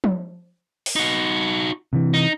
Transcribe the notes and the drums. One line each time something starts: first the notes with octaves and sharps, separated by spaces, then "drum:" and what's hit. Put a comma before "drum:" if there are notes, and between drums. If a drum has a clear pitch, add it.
drum: tom F3
drum: open hi-hat
D#4 F#4
C3 E3
D#4